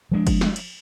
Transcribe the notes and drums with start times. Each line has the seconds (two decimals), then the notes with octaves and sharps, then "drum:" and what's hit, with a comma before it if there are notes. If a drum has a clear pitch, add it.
0.11 F3 G#3 D4
0.27 drum: kick, cymbal
0.41 drum: snare
0.56 drum: cymbal